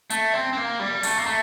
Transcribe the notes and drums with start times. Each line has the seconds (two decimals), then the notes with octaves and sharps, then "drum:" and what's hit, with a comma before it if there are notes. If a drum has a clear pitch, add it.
0.10 A3, drum: hi-hat
0.34 C4
0.53 C4
0.57 A#3
0.80 G3
1.03 A3, drum: open hi-hat
1.18 A#3
1.26 A3